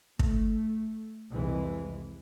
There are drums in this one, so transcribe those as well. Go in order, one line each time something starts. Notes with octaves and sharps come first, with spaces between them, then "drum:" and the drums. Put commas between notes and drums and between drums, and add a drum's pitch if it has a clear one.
A3, drum: kick
C2 F2 E3 G#3